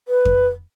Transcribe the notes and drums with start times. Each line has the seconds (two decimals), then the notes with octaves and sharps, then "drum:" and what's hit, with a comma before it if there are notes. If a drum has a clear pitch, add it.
0.08 B4
0.25 drum: kick F2